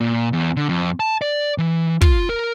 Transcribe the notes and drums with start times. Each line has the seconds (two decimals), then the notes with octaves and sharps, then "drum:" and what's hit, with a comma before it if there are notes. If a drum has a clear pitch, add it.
0.01 A#2
0.33 E2
0.57 D3
0.69 F2
1.00 A5
1.22 D5
1.58 E3
2.01 F4, drum: kick
2.29 A#4